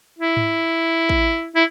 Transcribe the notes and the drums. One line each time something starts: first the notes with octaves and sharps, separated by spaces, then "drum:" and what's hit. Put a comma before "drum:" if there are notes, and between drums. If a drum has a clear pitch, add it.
E4
drum: tom G#2
drum: kick A1
E4